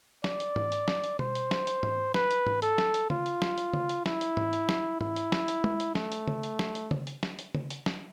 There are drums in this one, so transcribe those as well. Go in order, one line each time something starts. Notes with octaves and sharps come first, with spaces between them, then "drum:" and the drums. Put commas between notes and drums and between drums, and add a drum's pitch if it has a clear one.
D5, drum: snare
drum: hi-hat
drum: tom G#2
drum: hi-hat
drum: snare
drum: hi-hat
C5, drum: tom B2
drum: hi-hat
drum: snare
drum: hi-hat
drum: tom G#2
B4, drum: snare
drum: hi-hat
drum: tom G#2
A4, drum: hi-hat
drum: snare
drum: hi-hat
F4, drum: tom C#3
drum: hi-hat
drum: snare
drum: hi-hat
drum: tom C#3
drum: hi-hat
E4, drum: snare
drum: hi-hat
drum: tom G#2
drum: hi-hat
drum: snare
E4, drum: tom G#2
drum: hi-hat
drum: snare
drum: hi-hat
drum: tom G#3
drum: hi-hat
A3, drum: snare
drum: hi-hat
drum: tom C#3
drum: hi-hat
drum: snare
drum: hi-hat
drum: tom C#3
drum: hi-hat
drum: snare
drum: hi-hat
drum: tom C#3
drum: hi-hat
drum: snare